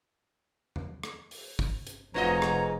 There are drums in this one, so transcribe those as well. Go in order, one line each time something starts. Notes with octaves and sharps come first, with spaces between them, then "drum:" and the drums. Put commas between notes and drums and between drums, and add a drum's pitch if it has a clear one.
drum: tom E2
drum: rim click
drum: open hi-hat
drum: kick
drum: hi-hat
F1 G#2 F4 B4 C#5 D#5 F#5 A#5
drum: rim click